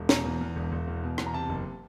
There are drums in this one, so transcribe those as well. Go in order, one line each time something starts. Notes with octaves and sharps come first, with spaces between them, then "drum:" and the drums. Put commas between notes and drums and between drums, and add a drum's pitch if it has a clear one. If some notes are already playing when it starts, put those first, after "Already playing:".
Already playing: E1
B2 A#5, drum: snare
E2
E2
E1
E1
E2
B2
E2, drum: rim click
A#5
C3 A5
F#1